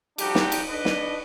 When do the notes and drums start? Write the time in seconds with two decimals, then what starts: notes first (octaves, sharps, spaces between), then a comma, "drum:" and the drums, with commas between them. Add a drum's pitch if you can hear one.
0.18 F3 G3 D4 D#4 F#4 G4, drum: cymbal
0.35 drum: snare
0.52 drum: cymbal
0.68 D4 B4 D#5
0.85 drum: snare